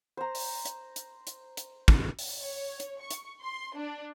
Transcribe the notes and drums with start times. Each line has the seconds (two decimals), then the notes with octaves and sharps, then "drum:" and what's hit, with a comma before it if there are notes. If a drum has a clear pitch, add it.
0.17 C5 A#5
0.35 drum: open hi-hat
0.65 drum: hi-hat
0.96 drum: hi-hat
1.27 drum: hi-hat
1.57 drum: hi-hat
1.88 drum: kick
2.19 drum: open hi-hat
2.42 C#5
2.80 drum: hi-hat
3.00 C#6
3.11 drum: hi-hat
3.41 C6
3.76 D4